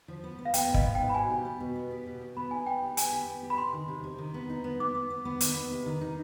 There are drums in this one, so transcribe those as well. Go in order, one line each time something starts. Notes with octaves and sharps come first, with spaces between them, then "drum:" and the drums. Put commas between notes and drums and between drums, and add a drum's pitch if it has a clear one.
F3
B3
B3
F5
B3 G5, drum: hi-hat
G#2
D#5, drum: kick
B3
G5
G#2
B5
B2 G#5
G4
B3
B2
B3
G4
B2
B2
B3 B5
D#4 G#5
B3 G5
G4
B3 G#5, drum: hi-hat
G4
B3
G4
B5
C3 C6
D#3
C3
C3
D#3
B3
D#4
B3
B3 D6
B3
B3
B3
D#3, drum: hi-hat
B3
C3
D#3
D#4